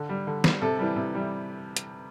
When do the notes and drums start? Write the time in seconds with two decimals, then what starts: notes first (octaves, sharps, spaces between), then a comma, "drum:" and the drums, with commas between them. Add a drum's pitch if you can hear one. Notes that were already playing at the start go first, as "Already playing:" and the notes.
Already playing: D3
0.09 G3
0.27 D3
0.44 G3, drum: snare
0.62 C3 A4
0.79 E3 G3
0.96 C3
1.14 E3 G3
1.77 drum: hi-hat